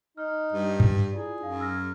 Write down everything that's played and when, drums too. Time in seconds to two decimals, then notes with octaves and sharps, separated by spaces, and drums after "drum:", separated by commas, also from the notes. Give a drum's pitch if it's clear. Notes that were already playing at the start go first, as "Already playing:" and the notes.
0.17 D#4 F6
0.53 G2
0.80 drum: tom G2
1.13 E4 F4 G#4 D5
1.41 F#2 D#4 F5
1.60 E6 F6 A#6